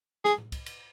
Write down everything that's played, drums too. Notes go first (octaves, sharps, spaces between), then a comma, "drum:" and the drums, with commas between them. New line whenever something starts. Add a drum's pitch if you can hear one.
G#4, drum: snare
drum: tom A2
drum: kick C2, cymbal
drum: cymbal